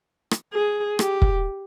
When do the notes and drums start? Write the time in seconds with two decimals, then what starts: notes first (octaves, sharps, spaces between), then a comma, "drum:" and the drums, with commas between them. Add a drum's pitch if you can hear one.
0.31 drum: rim click
0.54 G#4
0.99 G4, drum: rim click
1.22 drum: kick